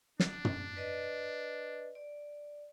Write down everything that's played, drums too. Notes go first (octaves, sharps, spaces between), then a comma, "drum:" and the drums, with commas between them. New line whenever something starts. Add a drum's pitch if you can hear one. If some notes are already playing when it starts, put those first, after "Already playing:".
D4, drum: snare
drum: tom
B4 D5 D#5
D5